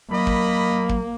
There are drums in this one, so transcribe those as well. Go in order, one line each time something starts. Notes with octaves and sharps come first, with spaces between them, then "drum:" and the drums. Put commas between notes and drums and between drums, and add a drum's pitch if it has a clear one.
F#2 A#3 D#5 B5
drum: kick
drum: kick